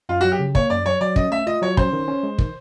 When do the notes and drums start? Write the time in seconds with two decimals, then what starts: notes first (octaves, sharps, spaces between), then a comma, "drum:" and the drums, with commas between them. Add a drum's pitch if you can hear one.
0.09 F#2 F4
0.21 F#4
0.24 F#3
0.32 G4
0.39 C#3
0.55 A#3 C#5, drum: kick
0.70 F#2 D5
0.86 F#3 C#5
1.01 F#3 D5
1.16 C#4 D#5, drum: kick
1.31 A3 E5
1.47 F4 D#5
1.62 F#3 C#5
1.77 C#4 C5, drum: kick
1.93 D#3
2.08 C#4
2.23 G#3
2.38 D#3, drum: kick